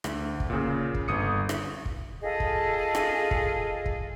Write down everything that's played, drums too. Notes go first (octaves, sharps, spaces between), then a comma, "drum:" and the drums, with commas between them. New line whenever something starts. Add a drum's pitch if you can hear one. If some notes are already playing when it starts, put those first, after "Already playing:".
D2, drum: rim click
drum: kick
A#2 C#3
drum: kick
G1 D#6 C#7
drum: rim click
drum: kick
F4 G#4 A4 D#5
drum: kick
drum: rim click
drum: kick
drum: kick